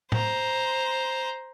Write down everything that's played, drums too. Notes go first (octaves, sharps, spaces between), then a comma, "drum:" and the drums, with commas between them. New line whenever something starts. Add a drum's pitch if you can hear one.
C5 A#5, drum: tom A2